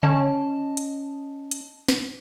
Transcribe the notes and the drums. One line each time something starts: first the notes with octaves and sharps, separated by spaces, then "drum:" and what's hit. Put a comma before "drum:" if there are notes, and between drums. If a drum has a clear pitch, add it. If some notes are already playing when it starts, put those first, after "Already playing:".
C#4 D#5 A5, drum: tom C#3
drum: hi-hat
drum: hi-hat
drum: snare